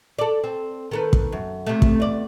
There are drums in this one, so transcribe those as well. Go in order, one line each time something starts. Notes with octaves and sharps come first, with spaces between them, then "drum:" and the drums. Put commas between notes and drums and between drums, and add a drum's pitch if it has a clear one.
A4 D5
C4
D#3 A4 B4
drum: kick
F#2
C3 A3
drum: kick
E2 D5